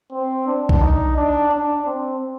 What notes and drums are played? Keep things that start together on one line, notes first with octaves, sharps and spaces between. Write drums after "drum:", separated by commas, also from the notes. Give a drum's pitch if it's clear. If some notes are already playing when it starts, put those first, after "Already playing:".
C4
D4
drum: kick B1
D#4
D4
D4
C4